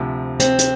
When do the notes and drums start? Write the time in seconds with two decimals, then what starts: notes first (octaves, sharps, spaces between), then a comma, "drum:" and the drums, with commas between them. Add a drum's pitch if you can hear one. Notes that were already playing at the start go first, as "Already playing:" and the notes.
Already playing: D2 C3 F3
0.40 C4, drum: hi-hat
0.59 drum: hi-hat